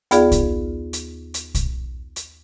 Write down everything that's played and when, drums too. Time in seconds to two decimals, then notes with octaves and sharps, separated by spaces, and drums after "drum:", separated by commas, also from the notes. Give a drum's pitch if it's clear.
0.11 D#2 B3 F4 G#4 D5 F5, drum: hi-hat
0.32 drum: kick, hi-hat
0.93 drum: hi-hat
1.34 drum: hi-hat
1.55 drum: kick, hi-hat
2.16 drum: hi-hat